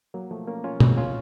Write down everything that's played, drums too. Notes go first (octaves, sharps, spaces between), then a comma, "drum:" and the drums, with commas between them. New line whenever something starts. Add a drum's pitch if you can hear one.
F#3 A#3
F3 A3
A#3 C#4
C#4 F4
C4 D#4, drum: tom
C#4 F4